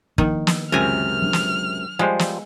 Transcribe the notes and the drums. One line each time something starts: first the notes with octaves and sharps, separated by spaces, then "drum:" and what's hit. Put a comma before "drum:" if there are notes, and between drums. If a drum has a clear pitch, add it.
D#3 F3 A#3 D4, drum: kick
drum: snare
C#2 F#2 C3 A#4 G#5 F6
F#3 C#4 D4
drum: snare
F3 G3 G#3 C5
drum: snare